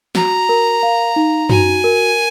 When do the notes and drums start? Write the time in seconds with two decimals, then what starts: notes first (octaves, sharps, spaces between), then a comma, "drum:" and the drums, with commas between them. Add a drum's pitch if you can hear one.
0.15 F#4 A#5, drum: snare
0.49 A#4
0.83 F5
1.16 D#4
1.50 F#4 G#5, drum: tom F#2
1.84 A#4